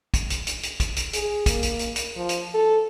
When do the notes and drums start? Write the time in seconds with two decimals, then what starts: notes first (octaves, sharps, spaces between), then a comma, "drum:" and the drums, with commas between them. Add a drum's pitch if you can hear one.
0.14 drum: kick, hi-hat
0.30 drum: hi-hat
0.47 drum: hi-hat
0.63 drum: hi-hat
0.80 drum: kick, hi-hat
0.96 drum: hi-hat
1.13 G#4, drum: hi-hat
1.46 A#3, drum: kick, hi-hat
1.63 drum: hi-hat
1.79 drum: hi-hat
1.96 drum: hi-hat
2.16 F3
2.29 drum: hi-hat
2.54 A4